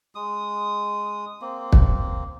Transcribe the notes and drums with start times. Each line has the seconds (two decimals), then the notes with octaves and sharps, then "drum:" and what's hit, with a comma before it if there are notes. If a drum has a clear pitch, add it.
0.15 G#3 D#6
1.41 A#3 C4
1.73 drum: kick